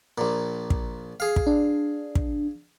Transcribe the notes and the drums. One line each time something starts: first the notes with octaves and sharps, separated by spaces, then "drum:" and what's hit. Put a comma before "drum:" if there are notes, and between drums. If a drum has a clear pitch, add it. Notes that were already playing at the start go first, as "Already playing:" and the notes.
A#1 A#2
drum: kick
G#4 F5
drum: kick
D4
drum: kick